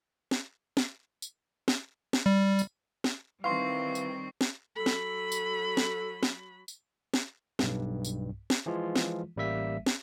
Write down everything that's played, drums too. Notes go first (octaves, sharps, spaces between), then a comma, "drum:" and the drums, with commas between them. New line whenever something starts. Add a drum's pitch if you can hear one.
drum: snare
drum: snare
drum: tambourine
drum: snare
drum: snare
G3
drum: tambourine
drum: snare
D#3 E3 G3 C4 F5 C6 C#6 C7
drum: tambourine
drum: snare
F#3 A4 B5
drum: snare
drum: tambourine
drum: snare
drum: snare
drum: tambourine
drum: snare
B1 G2, drum: snare
drum: tambourine
drum: snare
E3 F3 G#3 F4
drum: snare
A1 G3 A#3 E5 B6
drum: snare